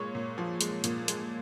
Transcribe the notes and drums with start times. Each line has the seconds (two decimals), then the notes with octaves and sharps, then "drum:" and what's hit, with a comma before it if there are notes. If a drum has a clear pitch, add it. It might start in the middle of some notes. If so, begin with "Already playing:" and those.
Already playing: A#2 G#3 C#5 C#6
0.15 A#2
0.38 F3
0.61 G#3, drum: hi-hat
0.84 A#2, drum: hi-hat
1.08 G#3, drum: hi-hat